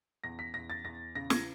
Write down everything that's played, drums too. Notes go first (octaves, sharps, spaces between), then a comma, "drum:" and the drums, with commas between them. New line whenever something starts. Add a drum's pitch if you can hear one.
E2 A#6
B6
E2 A#6
A6
E2 A#6
C#3 A#6
G#6, drum: snare